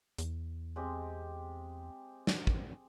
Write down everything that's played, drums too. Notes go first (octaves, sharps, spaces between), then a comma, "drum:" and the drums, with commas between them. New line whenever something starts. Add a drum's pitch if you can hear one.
E2, drum: hi-hat
G#3 C4 G4
drum: snare
drum: kick